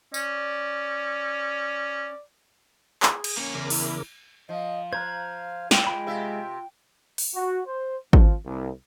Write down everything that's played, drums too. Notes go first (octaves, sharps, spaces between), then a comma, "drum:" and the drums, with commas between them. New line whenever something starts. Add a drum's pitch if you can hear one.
C#4 D5, drum: tambourine
G#4, drum: clap
drum: cymbal
A#3 C#4 C#5
E2 C#3 A#4 D6
E4, drum: open hi-hat
F3 D#5
C5 F5 A#5 F#6 G#6
F4 G5, drum: snare
G#3 F4 B5
C3 G4 E5
drum: open hi-hat
F#4
C5
F3, drum: kick G#1
C2